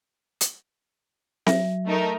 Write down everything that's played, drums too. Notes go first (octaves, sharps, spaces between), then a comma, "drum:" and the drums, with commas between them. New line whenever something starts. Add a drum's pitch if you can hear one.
drum: hi-hat
F#3 E5, drum: snare C4
A3 D#4 A#4